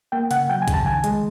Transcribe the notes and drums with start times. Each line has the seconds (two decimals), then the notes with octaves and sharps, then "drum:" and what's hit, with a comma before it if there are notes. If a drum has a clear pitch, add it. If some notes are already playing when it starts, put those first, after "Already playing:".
0.12 A#3 G5
0.31 C#3 F#5, drum: hi-hat
0.49 F#3 G5
0.62 G#5
0.68 C#3, drum: kick B1, hi-hat
0.74 A5
0.86 D#3 G#5
1.04 G#3, drum: hi-hat